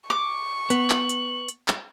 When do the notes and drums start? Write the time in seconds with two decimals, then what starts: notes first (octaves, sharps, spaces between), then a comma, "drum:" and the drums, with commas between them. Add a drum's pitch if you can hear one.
0.10 C#6 D6
0.70 B3 F#7, drum: hi-hat
0.90 drum: clap
1.09 drum: hi-hat
1.48 drum: hi-hat
1.68 drum: clap